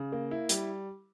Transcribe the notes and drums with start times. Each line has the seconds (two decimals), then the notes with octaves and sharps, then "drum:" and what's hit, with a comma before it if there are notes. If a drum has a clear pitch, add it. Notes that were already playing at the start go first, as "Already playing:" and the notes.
Already playing: C#3
0.12 A#3
0.31 E4
0.49 G3, drum: hi-hat